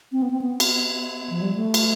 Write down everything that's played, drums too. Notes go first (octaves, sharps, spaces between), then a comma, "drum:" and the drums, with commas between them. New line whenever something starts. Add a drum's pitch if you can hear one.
C4
B3
C4
B3
drum: cymbal
F3
G3
A3
drum: cymbal